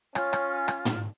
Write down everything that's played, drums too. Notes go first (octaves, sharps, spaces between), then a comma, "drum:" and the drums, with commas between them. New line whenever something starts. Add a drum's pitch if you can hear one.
C#4 F4, drum: rim click
drum: rim click
drum: rim click
drum: tom